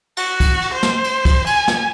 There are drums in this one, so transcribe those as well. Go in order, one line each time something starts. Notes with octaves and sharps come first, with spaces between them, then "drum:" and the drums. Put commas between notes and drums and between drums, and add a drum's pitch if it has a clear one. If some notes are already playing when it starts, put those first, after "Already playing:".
F#4, drum: cymbal
drum: kick, cymbal
drum: cymbal
C5
drum: snare
drum: cymbal
drum: kick, cymbal
G#5, drum: cymbal
drum: snare